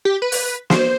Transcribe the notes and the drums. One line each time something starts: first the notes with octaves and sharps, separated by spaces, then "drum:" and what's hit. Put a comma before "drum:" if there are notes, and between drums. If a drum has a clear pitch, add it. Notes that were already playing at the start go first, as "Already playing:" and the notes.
G4
B4
drum: open hi-hat
C5, drum: snare